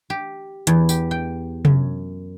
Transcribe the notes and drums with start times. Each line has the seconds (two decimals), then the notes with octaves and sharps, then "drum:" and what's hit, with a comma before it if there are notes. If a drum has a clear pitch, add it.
0.10 G4
0.67 E2, drum: hi-hat
0.89 G4, drum: tambourine
1.11 G5
1.65 F#2, drum: tom C3